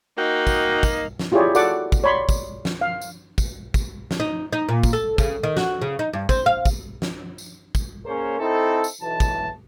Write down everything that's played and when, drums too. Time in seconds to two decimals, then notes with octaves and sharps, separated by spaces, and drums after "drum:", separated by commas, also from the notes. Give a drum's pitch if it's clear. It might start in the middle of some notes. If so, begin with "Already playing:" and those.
0.18 A#3 D#4 F#4 G5
0.47 drum: kick, tambourine
0.83 drum: kick, tambourine
1.19 drum: snare
1.32 E4 F4 G4 G#4 C#5 D5
1.55 F#4 A4 D5 F#5 D6, drum: tambourine
1.92 drum: kick, tambourine
2.04 C#5 D5 B5 C6
2.29 drum: kick, tambourine
2.65 drum: snare
2.81 F5
3.01 drum: tambourine
3.38 drum: kick, tambourine
3.74 drum: kick, tambourine
4.11 drum: snare
4.20 D#4
4.53 D#4
4.69 A#2
4.83 drum: kick, tambourine
4.93 A4
5.18 C#3, drum: kick, tambourine
5.43 D#3
5.57 F#4, drum: snare
5.82 C#3
5.99 D#4
6.13 G2
6.29 C4, drum: kick, tambourine
6.46 F5
6.65 drum: kick, tambourine
7.02 drum: snare
7.38 drum: tambourine
7.75 drum: kick, tambourine
8.05 A#3 C#4 G#4 A#4 C5 C#5
8.39 C4 D#4 E4 A4
8.84 drum: tambourine
9.01 B1 E3 A5
9.20 drum: kick, tambourine